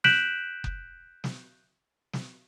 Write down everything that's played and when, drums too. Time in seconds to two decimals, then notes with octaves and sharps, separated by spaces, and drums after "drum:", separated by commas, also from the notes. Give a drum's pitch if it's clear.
0.04 F#6 G6 B6 D7 E7 F#7, drum: snare
0.64 drum: kick F#1
1.24 drum: snare
2.13 drum: snare